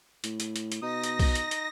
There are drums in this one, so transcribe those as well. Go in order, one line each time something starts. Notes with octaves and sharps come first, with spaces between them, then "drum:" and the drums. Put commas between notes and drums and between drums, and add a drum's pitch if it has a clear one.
A2, drum: hi-hat
drum: hi-hat
drum: hi-hat
drum: hi-hat
B2 D#4 D#6 A#6
drum: hi-hat
drum: kick B1, open hi-hat
drum: hi-hat
drum: hi-hat